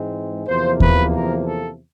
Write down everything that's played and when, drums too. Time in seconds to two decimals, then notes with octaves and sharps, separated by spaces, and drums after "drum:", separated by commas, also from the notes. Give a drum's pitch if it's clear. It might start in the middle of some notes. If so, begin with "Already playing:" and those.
Already playing: G#2 E3 G#3 C4
0.46 E2 C3 F3 A#3 C5
0.80 B4, drum: kick D#2
1.13 A#4
1.46 A4